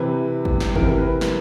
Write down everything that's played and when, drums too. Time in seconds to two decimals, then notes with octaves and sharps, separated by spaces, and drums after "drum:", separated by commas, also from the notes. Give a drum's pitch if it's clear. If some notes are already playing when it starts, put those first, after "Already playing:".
Already playing: C3 E3 B4
0.45 drum: kick
0.60 drum: snare
0.76 C3 E3 A#4, drum: kick
0.88 A#4
0.98 B4
1.21 drum: snare